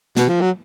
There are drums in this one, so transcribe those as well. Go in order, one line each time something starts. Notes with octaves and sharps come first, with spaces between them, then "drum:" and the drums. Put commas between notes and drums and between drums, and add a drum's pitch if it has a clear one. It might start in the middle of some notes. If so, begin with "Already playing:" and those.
B2, drum: snare
F3
F#3